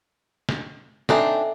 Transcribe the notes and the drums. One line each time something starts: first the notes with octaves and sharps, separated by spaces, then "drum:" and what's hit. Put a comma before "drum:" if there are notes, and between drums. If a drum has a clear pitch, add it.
drum: snare
C4 D4 D#4 A4 E5 G#5, drum: snare